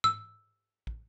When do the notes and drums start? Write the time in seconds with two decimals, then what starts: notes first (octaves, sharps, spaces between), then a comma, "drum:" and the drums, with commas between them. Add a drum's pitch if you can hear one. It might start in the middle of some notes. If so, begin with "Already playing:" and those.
0.04 E6, drum: tom G#2
0.87 drum: kick